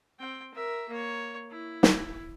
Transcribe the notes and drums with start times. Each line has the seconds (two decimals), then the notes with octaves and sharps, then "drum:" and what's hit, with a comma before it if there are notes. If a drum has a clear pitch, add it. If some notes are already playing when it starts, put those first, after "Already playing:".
0.19 C4 G5
0.54 A#4 E5
0.89 A#3 C#5
1.50 E4
1.83 drum: snare